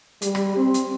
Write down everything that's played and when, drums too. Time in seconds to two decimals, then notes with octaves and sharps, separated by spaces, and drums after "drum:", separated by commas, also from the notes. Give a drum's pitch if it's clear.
0.22 G3, drum: hi-hat
0.35 drum: rim click
0.57 C4
0.74 drum: hi-hat